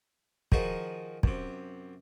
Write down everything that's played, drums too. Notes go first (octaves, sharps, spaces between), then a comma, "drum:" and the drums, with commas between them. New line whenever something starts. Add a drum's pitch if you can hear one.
D#3 F3 D#4 F#4 G#4 A#4, drum: kick
F#2 C3, drum: kick